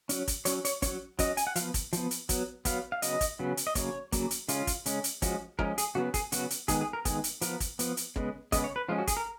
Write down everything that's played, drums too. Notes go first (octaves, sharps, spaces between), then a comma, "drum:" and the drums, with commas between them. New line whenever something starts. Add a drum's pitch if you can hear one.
F#3 C#4, drum: hi-hat
drum: kick, hi-hat
F#3 C#4 C#5, drum: hi-hat
C#5, drum: hi-hat
F#3 C#4 C#5, drum: kick, hi-hat
F#3 C#4 D#5, drum: kick, hi-hat
G#5, drum: hi-hat
F#5
F3 B3 F5, drum: hi-hat
drum: kick, hi-hat
F3 B3, drum: hi-hat
drum: hi-hat
F#3 B3, drum: kick, hi-hat
F#3 B3 F5, drum: kick, hi-hat
F5
C#3 F#3 B3 D#5, drum: hi-hat
drum: kick, hi-hat
C#3 F#3 B3
drum: hi-hat
D#5
C#3 F#3 A#3 C#5, drum: kick, hi-hat
C#3 F#3 A#3, drum: kick, hi-hat
drum: hi-hat
C#3 G#3 C#4 F4, drum: hi-hat
drum: kick, hi-hat
C#3 G#3 C#4, drum: hi-hat
drum: hi-hat
F3 G#3 C#4 F#4, drum: kick, hi-hat
F3 G#3 C#4 A#4, drum: kick
G#4, drum: hi-hat
C#3 F#3 B3 F#4
G#4, drum: kick, hi-hat
C#3 F#3 B3 F#4, drum: hi-hat
drum: hi-hat
D#3 G#3 B3 G#4, drum: kick, hi-hat
G#4
A#4
D#3 G#3 B3 G#4, drum: kick, hi-hat
drum: hi-hat
F3 B3 A#4, drum: hi-hat
drum: kick, hi-hat
F3 B3, drum: hi-hat
drum: hi-hat
C#3 G#3 B3, drum: kick
C#3 G#3 B3 D#5, drum: kick, hi-hat
C#5
B4
F3 G#3 C#4 F4
F#4
G#4, drum: kick, hi-hat
A#4